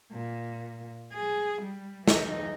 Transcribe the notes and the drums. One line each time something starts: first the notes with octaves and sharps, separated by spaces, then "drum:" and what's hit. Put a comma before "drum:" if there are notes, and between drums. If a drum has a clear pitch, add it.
A#2
G#4
G3
E3 D#4, drum: snare